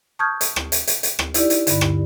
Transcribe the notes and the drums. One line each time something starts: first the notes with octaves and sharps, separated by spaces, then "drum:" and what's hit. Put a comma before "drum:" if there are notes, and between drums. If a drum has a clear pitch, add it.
A5 C#6 D#6 F6 G6 G#6
drum: hi-hat
drum: rim click
drum: hi-hat
drum: hi-hat
drum: hi-hat
drum: rim click
D#4 E4 G4 D5, drum: hi-hat
drum: hi-hat
G2 D3, drum: hi-hat
drum: rim click